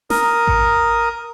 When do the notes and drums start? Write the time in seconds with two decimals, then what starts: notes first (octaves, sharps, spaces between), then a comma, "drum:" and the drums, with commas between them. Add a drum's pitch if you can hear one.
0.10 A#4 D#6, drum: snare
0.47 drum: kick A1